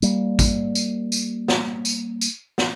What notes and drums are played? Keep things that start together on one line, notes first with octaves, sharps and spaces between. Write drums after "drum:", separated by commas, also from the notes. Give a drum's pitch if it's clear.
G3 A#3, drum: tambourine
drum: kick A1, tambourine
drum: tambourine
drum: tambourine
drum: snare
drum: tambourine
drum: tambourine
drum: snare